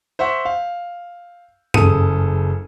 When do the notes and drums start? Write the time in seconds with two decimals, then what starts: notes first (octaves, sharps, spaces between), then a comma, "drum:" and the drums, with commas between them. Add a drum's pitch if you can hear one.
0.19 C5 E5 F#5 C#6
0.45 F5
1.74 F#1 C#3 A4 D#6 D#7, drum: tom G2